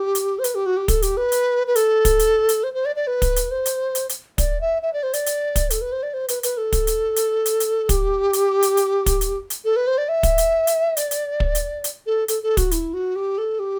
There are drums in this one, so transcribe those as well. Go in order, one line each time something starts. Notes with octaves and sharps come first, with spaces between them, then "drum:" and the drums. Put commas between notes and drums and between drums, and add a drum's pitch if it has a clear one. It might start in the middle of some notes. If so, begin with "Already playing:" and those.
Already playing: G4
drum: hi-hat
C5
B4, drum: hi-hat
G4
F#4
G4
A4, drum: kick, hi-hat
G4, drum: hi-hat
B4
drum: hi-hat
B4
A4, drum: hi-hat
drum: kick, hi-hat
drum: hi-hat
drum: hi-hat
C5
C5
D5
D5
B4
drum: kick, hi-hat
drum: hi-hat
C5
drum: hi-hat
drum: hi-hat
drum: hi-hat
D5, drum: kick, hi-hat
E5
E5
D5
C5
D5, drum: hi-hat
drum: hi-hat
drum: kick, hi-hat
A4, drum: hi-hat
B4
C5
D5
C5
B4, drum: hi-hat
B4, drum: hi-hat
A4
drum: kick, hi-hat
drum: hi-hat
drum: hi-hat
drum: hi-hat
drum: hi-hat
G4, drum: kick, hi-hat
drum: hi-hat
drum: hi-hat
drum: hi-hat
drum: kick, hi-hat
drum: hi-hat
drum: hi-hat
A4
B4
C5
D5
E5
drum: kick, hi-hat
drum: hi-hat
drum: hi-hat
D5, drum: hi-hat
drum: hi-hat
drum: kick
drum: hi-hat
drum: hi-hat
A4
A4, drum: hi-hat
A4
F#4, drum: kick, hi-hat
E4, drum: hi-hat
F#4
G4
A4
G4